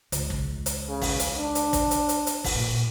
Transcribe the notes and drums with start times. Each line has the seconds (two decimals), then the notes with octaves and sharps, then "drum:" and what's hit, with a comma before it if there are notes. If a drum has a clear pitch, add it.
0.12 C#2, drum: hi-hat
0.30 drum: kick
0.66 drum: hi-hat
0.89 C#3
1.02 drum: kick, open hi-hat
1.19 drum: hi-hat
1.38 D4
1.55 drum: hi-hat
1.73 drum: kick, hi-hat
1.91 drum: hi-hat
2.09 drum: hi-hat
2.27 drum: hi-hat
2.44 drum: kick, open hi-hat
2.55 A#2 A#3